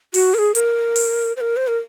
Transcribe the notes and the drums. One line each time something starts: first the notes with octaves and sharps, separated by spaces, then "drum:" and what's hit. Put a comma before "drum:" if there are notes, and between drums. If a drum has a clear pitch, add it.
F#4, drum: open hi-hat
A#4
G#4
A#4, drum: hi-hat
drum: open hi-hat
C5
A#4
C5
A#4